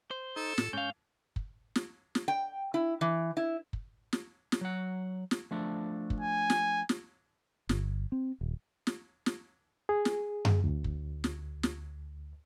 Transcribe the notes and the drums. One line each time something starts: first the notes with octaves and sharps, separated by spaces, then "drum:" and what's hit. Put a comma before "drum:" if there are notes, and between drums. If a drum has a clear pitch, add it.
C5
D#4 A4
A2, drum: snare
G#2 C#4 F5 G6
drum: kick
drum: snare
drum: snare
G5
E4
E3
E4
drum: kick
drum: snare
drum: snare
F#3 F#5
drum: snare
F3 A3 D4
drum: kick
G#5
drum: snare
drum: snare
G1, drum: snare
C4
D#1
drum: snare
drum: snare
G#4
drum: snare
drum: tom F#2
D2
drum: kick
drum: snare
drum: snare